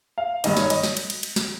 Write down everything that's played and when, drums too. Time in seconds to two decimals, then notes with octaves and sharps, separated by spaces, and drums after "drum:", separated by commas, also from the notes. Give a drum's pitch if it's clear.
0.18 F5
0.44 G1 G2 D#3 D#5, drum: cymbal
0.57 C#5, drum: snare
0.70 D#5, drum: cymbal
0.83 drum: snare
0.97 drum: cymbal
1.10 drum: cymbal
1.23 drum: cymbal
1.36 drum: snare